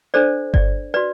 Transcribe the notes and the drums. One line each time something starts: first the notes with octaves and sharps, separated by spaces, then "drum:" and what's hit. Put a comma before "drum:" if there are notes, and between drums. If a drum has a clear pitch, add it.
D4 A4 C5 D5
D5, drum: kick G1
F#4 B4 D5